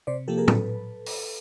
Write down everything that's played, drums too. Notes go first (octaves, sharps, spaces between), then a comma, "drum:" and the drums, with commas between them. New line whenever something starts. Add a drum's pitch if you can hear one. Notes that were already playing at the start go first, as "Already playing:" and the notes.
C3 C5 D5
F3 A#3 G4 A4
G#4 A#4
D3 A4 B4, drum: tom
drum: open hi-hat